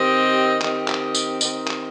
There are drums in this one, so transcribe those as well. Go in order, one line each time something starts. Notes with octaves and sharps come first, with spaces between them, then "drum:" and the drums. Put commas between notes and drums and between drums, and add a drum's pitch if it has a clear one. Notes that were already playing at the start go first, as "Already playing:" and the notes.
Already playing: D#3 C4 G4 D#5
D#3 C4 G4 D#5, drum: clap
drum: clap
drum: tambourine
D#3 C4 G4 D#5, drum: tambourine
drum: clap